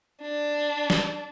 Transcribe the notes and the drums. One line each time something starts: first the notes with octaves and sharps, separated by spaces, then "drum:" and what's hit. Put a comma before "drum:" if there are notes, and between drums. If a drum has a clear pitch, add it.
D4
drum: snare